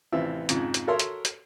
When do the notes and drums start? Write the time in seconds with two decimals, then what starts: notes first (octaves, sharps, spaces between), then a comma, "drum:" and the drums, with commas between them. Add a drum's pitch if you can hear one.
0.12 A1 C3 E3 C4 F4 E5
0.49 F2 G#2 C#3 F3, drum: hi-hat
0.74 drum: hi-hat
0.87 F#4 A4 A#4 C#5 E5 C6
1.00 drum: hi-hat
1.25 drum: hi-hat